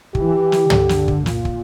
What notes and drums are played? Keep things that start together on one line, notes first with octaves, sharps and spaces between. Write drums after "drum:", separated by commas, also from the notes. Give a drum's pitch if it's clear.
E3 G4, drum: kick
drum: snare
D3, drum: tom
drum: snare
drum: kick
A#2 F4, drum: snare
drum: kick